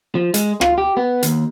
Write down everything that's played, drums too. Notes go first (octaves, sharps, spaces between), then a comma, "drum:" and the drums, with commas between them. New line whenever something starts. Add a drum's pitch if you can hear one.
F3
G#3, drum: hi-hat
F4, drum: rim click
G4
B3
D#2, drum: hi-hat